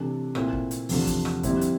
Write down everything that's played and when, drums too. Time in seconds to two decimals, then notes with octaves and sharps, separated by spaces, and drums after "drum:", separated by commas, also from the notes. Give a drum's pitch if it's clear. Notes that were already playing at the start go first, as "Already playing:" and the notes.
Already playing: C3 E3 A3 D4
0.35 A#2 A3 C4 E4, drum: rim click
0.53 drum: kick
0.71 drum: hi-hat
0.89 E2 C3 F3 A3 D4, drum: open hi-hat
1.07 drum: kick, hi-hat
1.25 drum: rim click
1.43 F2 D3 G3 C4 E4, drum: kick, hi-hat
1.61 drum: hi-hat